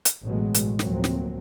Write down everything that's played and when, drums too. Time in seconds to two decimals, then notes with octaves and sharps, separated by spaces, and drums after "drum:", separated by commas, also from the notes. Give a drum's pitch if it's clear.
0.05 drum: hi-hat
0.24 A1 G2 B2 F#3 G#3
0.54 drum: hi-hat
0.79 D2 A2 F3 F#3 A#3 C4, drum: snare
1.04 drum: snare